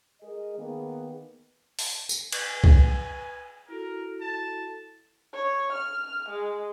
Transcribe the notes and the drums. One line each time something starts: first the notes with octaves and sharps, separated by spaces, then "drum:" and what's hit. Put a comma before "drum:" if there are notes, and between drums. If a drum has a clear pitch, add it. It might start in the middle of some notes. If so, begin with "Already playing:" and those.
G#3 G#4 A#4 D#5
D#3 A#3 B3 G#4
drum: open hi-hat
drum: tambourine
B4 G#5, drum: cymbal
drum: kick
E4 F#4 A4 A#4
A5
C#5
F6
G#3